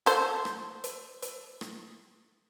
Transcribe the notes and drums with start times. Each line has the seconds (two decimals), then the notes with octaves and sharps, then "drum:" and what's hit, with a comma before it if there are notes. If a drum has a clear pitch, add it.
0.06 A4 C5, drum: hi-hat
0.45 drum: rim click
0.84 drum: hi-hat
1.22 drum: hi-hat
1.61 drum: rim click